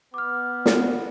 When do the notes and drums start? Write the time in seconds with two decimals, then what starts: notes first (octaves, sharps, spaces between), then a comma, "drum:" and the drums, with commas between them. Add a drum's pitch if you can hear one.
0.14 B3 D6 F6
0.66 drum: snare